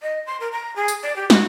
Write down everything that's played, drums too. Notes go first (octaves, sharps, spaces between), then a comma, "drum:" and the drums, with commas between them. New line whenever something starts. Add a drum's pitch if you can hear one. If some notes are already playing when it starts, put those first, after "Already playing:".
D#5
C6
A#4
A#5
G#4
drum: tambourine
D5
G4
F#4, drum: snare